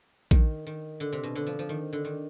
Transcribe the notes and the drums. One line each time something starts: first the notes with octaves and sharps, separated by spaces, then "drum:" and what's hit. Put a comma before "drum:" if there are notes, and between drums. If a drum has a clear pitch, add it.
D#3, drum: kick A#1
D#3
D3
C3
B2
D3
F3
F3
D#3
D3
D#3